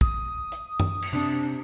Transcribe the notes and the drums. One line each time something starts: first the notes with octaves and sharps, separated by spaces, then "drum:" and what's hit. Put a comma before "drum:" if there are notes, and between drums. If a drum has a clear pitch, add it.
D#6, drum: kick
drum: hi-hat
drum: tom F#2
drum: cymbal
C3 C4 D4